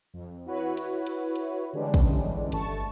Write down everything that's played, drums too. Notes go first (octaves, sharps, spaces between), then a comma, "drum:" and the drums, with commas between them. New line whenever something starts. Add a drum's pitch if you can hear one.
F2
E4 F#4 B4 C#5
drum: hi-hat
drum: hi-hat
drum: hi-hat
D3 E3 G3 G#3 C#4 D4
drum: kick, hi-hat
G1 A3 A5 C#6, drum: hi-hat